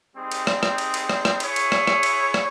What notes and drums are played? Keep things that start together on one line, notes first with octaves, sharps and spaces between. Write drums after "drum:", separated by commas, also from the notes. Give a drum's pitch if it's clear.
G3 C4 D#4 G#4 C5
drum: cymbal
drum: rim click
drum: rim click
drum: cymbal
drum: cymbal
drum: rim click
drum: rim click
E4 G#4 C#5, drum: cymbal
drum: cymbal
drum: rim click
drum: rim click
drum: cymbal
drum: rim click